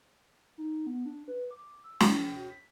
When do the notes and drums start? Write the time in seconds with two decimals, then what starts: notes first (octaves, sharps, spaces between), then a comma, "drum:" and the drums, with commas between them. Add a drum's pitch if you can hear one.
0.58 D#4
0.87 B3
1.06 D4
1.28 B4
1.51 D6
1.84 E6
2.00 E4, drum: snare
2.18 F3
2.36 F#4
2.50 B6